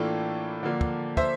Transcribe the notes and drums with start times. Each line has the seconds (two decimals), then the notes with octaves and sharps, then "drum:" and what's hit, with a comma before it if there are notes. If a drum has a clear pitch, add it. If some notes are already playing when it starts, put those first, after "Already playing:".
Already playing: A2 E3 A#3 D4 F4 A4
0.63 D3 F3 A#3 D4
0.81 drum: kick
1.17 C5 E5, drum: kick